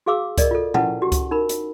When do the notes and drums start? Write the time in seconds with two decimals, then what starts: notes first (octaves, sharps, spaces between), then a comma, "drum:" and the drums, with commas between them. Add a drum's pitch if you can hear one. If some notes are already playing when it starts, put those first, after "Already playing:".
0.06 F#4 G#4 F5 D6 E6
0.38 A#4 D5 D#5, drum: kick C#2, hi-hat
0.51 F4 A4
0.74 C#4 E4 B4 F#5 A5, drum: tom A#2
1.02 F#4 G4
1.12 drum: kick C#2, hi-hat
1.31 D#4 A#4 B5
1.49 drum: hi-hat